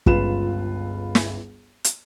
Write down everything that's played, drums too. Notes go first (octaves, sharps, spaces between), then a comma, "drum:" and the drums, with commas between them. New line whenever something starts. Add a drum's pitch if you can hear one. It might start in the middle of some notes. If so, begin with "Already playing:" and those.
G1 C#2 F4 B4 E7, drum: kick
drum: snare
drum: hi-hat